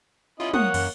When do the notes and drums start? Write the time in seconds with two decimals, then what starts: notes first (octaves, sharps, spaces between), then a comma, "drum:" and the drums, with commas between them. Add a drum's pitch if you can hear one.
0.40 C#4 E4 F4 D#5
0.54 A#3 C#5 F#5 D#6, drum: tom
0.74 F#2, drum: cymbal